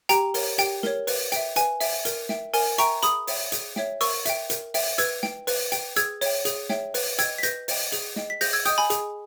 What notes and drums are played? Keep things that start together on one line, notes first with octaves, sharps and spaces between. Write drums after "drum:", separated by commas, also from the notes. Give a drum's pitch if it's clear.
G4 G5 A#5, drum: hi-hat
A#4 C#5, drum: open hi-hat
G4 G5, drum: hi-hat
A#4 C#5, drum: snare
B4, drum: open hi-hat
E5 G5, drum: hi-hat
B4 G#5, drum: hi-hat
E5 G5, drum: open hi-hat
A#4, drum: hi-hat
E5 G5, drum: snare
A#4 G#5, drum: open hi-hat
E5 G5 A#5 C#6, drum: hi-hat
G#4 B5 D#6, drum: hi-hat
C#5 E5 G5, drum: open hi-hat
G#4, drum: hi-hat
C#5 E5 G5, drum: snare
A#4 C#6 E6, drum: open hi-hat
E5 G5, drum: hi-hat
A#4, drum: hi-hat
E5 G5, drum: open hi-hat
B4 E6 G#6, drum: hi-hat
G5, drum: snare
B4, drum: open hi-hat
G5, drum: hi-hat
G#4 E6 G#6, drum: hi-hat
C#5 E5 G5, drum: open hi-hat
G#4, drum: hi-hat
C#5 E5 G5, drum: snare
B4, drum: open hi-hat
D#5 G5 E6 G#6, drum: hi-hat
B6
B4 G6 A#6, drum: hi-hat
D#5 G5, drum: open hi-hat
G#4, drum: hi-hat
D#5 G5, drum: snare
B6
G#4 G6 A#6, drum: open hi-hat
E6 G#6
D#5 G5 D#6 G6, drum: hi-hat
G#5 B5
G#4, drum: hi-hat